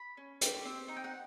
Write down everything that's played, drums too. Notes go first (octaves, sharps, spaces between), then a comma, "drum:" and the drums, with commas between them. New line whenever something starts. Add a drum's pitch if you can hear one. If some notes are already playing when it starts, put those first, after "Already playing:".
Already playing: B5
C#4
G4, drum: hi-hat
C4
D#4
G5
F#5